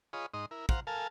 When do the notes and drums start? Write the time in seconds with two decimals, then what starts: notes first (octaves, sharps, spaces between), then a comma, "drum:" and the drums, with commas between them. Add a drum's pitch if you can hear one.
0.13 F4 G#4 C#5 D#5 B5
0.34 G#2 D#4 D#5 C6
0.51 E4 A#4
0.69 C5 F5 F#5 A#5, drum: kick
0.87 A4 A#4 F5 G#5 A5